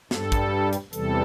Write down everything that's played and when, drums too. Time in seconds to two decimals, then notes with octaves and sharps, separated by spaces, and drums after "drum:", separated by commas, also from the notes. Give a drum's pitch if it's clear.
0.11 G2 G3 A4, drum: snare
0.32 drum: kick, hi-hat
0.73 drum: hi-hat
0.93 E2 C3 E3 G3 A4, drum: hi-hat